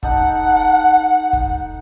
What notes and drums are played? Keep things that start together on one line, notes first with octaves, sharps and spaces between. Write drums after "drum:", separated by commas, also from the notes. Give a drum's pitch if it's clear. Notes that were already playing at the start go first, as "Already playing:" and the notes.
D#4 A4 F#5, drum: kick
drum: kick